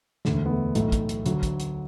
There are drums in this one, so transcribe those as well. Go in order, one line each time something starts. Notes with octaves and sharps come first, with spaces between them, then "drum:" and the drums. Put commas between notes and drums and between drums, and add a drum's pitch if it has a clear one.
E1 D2 D3 A3, drum: snare
B3
A3
B1 A2 E3 A3, drum: hi-hat
drum: kick, hi-hat
drum: hi-hat
D2 D3 F#3, drum: hi-hat
drum: kick, hi-hat
drum: hi-hat